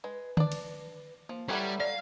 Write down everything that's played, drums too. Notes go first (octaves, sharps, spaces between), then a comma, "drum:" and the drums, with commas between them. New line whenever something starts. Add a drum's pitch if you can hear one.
G#3 B4
D4 D5, drum: tom D3
drum: cymbal
F3 A#3
G3 E4 G4 A4 B4 C#5 F#5 A#5
D5 F5